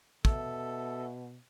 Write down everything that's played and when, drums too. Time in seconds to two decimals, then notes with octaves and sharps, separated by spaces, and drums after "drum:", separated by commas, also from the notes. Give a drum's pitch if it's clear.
0.25 B2 A4 E5, drum: kick